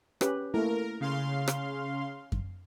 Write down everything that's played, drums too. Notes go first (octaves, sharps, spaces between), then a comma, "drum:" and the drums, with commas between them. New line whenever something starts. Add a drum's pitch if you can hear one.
C#4 G4 B4, drum: rim click
A3 A#3 E4 A#4
C#3 F5 C6
drum: rim click
drum: kick F#2